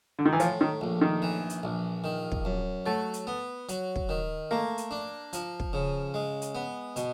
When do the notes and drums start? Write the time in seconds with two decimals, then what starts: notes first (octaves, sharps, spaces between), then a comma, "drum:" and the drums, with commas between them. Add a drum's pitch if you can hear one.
0.19 D3
0.25 D#3
0.33 E3
0.40 A2 F3, drum: hi-hat
0.61 D#3
0.81 A#1
1.01 D#3
1.22 E3
1.50 drum: hi-hat
1.63 A#1
2.04 D#3
2.32 drum: kick
2.45 F#2
2.86 F#3 A3
3.14 drum: hi-hat
3.27 B3
3.69 F#3, drum: hi-hat
3.96 drum: kick
4.09 D#3
4.51 A3 A#3
4.78 drum: hi-hat
4.91 D4
5.33 F3, drum: hi-hat
5.60 drum: kick
5.73 C#3
6.14 G#3
6.42 drum: hi-hat
6.55 B3
6.96 B2, drum: hi-hat